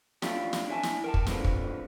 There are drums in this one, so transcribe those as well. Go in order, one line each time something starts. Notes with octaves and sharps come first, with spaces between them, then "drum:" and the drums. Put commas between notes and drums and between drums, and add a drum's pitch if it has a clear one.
A3 C#4 D4 E4 F4 G4, drum: snare
drum: snare
D4 E4 B4 G#5 A5
drum: snare
A#4 G5 A5
drum: kick
F2 D3 E3 F3 G#3 B3, drum: snare
drum: kick